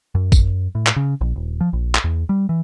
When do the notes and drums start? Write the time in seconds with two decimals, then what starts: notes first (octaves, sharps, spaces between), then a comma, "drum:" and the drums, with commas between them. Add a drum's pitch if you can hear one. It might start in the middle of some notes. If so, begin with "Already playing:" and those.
0.15 F#2
0.32 drum: kick, tambourine
0.75 A2
0.86 drum: clap
0.96 C#3
1.21 A#1
1.36 D#1
1.61 F3
1.73 A#1
1.95 drum: clap
2.04 E2
2.29 G3
2.49 E3